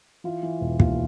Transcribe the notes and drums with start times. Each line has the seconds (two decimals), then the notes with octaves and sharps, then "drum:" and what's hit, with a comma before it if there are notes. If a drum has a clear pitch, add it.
0.24 E3 F4
0.43 E3
0.61 E1
0.80 D#2 F4, drum: kick